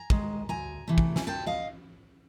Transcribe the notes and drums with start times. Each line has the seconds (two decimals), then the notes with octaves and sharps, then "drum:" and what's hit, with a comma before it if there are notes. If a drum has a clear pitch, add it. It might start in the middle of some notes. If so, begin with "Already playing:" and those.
Already playing: G#5 A#5
0.10 D#3 G#3, drum: kick
0.49 D2 G#5 A#5
0.88 C3 E3 A3
0.98 drum: kick
1.16 G#5, drum: snare
1.27 D2 G5 A5
1.46 D#5 F5